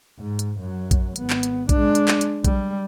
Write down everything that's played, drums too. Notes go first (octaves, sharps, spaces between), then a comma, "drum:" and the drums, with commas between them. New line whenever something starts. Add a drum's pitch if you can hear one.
G#2
drum: hi-hat
F#2 F#3
drum: kick A#1, hi-hat
G#1 B3, drum: hi-hat
drum: clap
drum: hi-hat
G#3 D4, drum: kick A#1, hi-hat
drum: hi-hat
drum: clap
drum: hi-hat
G3, drum: kick A#1, hi-hat